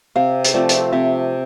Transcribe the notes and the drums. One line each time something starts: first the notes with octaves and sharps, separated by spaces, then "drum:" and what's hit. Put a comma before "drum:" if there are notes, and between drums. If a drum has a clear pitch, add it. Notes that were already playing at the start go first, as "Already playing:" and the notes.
C3 F5
drum: hi-hat
F3 A3 C4 D5
drum: hi-hat
C3 E5